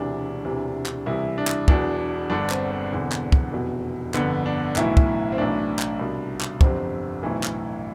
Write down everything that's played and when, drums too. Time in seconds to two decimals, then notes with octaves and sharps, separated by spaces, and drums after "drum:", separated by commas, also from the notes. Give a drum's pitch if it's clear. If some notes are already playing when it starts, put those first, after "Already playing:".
Already playing: E1 D2 C3 E3 D4
0.45 E1 D2 C3 E3
0.86 drum: clap
1.06 C2 C3 E3 E4
1.38 D4
1.47 drum: clap
1.68 E1 E2 B2 D4, drum: kick
2.30 G1 G2 D3 D4
2.50 C4, drum: clap
2.71 C4
2.92 E1 E2 D3
3.12 drum: clap
3.32 drum: kick
3.52 F1 E2 B2
4.14 G1 F2 D3 B3, drum: clap
4.46 D4
4.76 B1 A2 E3 E4, drum: clap
4.97 drum: kick
5.32 C4
5.38 B1 A2 E3 D4
5.79 drum: clap
5.99 C2 B2
6.41 drum: clap
6.61 G1 F2 C3 C4, drum: kick
7.23 B1 A2 E3
7.43 drum: clap